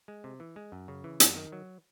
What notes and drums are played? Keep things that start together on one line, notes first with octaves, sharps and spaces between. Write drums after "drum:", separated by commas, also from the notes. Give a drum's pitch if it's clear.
G#3
C3
E3
G#3
F#2
C#3
E3
F#2, drum: hi-hat
D#3
F#3